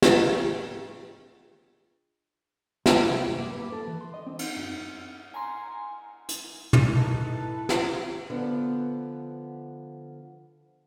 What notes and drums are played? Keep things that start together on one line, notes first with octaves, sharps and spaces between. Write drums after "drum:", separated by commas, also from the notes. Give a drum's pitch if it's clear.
D4 F4 G#4 D#5 G5, drum: snare
E2, drum: snare
C2
F#2
A#3
B4
A4
E3
C6
D#5
C4
D#4, drum: cymbal
F#2
G#5 A#5 C6
drum: hi-hat
drum: tom
D#4 A4 B4
E4
drum: snare
D3 F3 B3